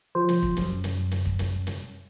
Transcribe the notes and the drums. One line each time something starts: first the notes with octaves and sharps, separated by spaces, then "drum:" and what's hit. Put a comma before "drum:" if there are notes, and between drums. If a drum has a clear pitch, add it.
F3 C5
drum: snare
drum: kick
F#2, drum: snare
drum: snare
drum: snare
drum: kick
drum: snare
drum: snare